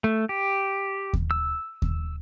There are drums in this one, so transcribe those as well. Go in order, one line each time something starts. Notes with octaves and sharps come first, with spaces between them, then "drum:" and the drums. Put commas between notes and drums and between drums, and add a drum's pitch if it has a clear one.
A3
G4
drum: kick D#2
E6
drum: kick D#2